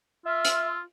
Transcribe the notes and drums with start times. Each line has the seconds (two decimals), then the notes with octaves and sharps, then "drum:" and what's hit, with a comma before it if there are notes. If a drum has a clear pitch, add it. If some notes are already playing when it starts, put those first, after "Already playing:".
0.25 F4 E5 C6 E6 F6
0.45 drum: hi-hat